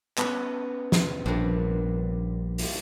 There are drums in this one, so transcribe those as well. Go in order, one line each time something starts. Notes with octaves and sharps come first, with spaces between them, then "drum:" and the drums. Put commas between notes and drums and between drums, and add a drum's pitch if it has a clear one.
B3 C#4 B4, drum: clap
drum: snare
A#1 G2 A#2
drum: open hi-hat